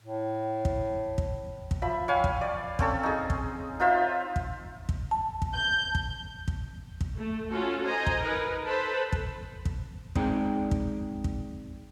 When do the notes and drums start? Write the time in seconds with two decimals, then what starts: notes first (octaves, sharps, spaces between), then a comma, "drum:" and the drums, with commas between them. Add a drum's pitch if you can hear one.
0.02 A2
0.65 drum: kick
1.18 drum: kick
1.71 drum: kick
1.82 F3 E5 B5
2.08 C#5 F5 G5 G#5
2.24 drum: kick
2.41 D5
2.79 C4 C#4 A4 E6, drum: kick
3.03 D#4 G#4
3.30 drum: kick
3.80 D#4 F4 C5 E5
4.36 drum: kick
4.89 drum: kick
5.11 A5
5.42 drum: kick
5.54 G6
5.95 drum: kick
6.48 drum: kick
7.01 drum: kick
7.15 A3
7.50 C#4 F4 F#4 A4
7.87 C5 D#5 G#5 A#5
8.07 drum: kick
8.22 D#4 A#4 B4
8.65 A4 B4 C5 A5 B5
9.12 drum: kick
9.65 drum: kick
10.15 G#3 C4 D#4 G#4 D5 G5, drum: kick
10.71 drum: kick
11.24 drum: kick